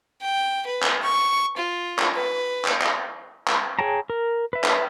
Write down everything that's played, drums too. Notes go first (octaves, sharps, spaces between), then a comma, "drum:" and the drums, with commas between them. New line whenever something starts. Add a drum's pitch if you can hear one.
G5
B4
drum: clap
C#6
F4
drum: clap
B4
drum: clap
drum: clap
drum: clap
G#4 C#5 G5 A5 A#5
A#4
B4 E5
drum: clap